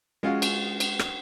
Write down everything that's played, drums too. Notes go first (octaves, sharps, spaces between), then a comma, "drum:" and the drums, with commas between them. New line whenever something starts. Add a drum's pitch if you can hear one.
G#3 C#4 F4 F#4 F5
drum: cymbal
drum: cymbal
drum: rim click